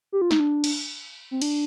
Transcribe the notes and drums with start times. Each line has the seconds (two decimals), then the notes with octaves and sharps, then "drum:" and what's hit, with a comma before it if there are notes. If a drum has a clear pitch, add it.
0.12 G4
0.22 F4
0.31 D#4, drum: snare
0.40 D4
0.64 drum: cymbal
1.31 C4
1.42 D4, drum: cymbal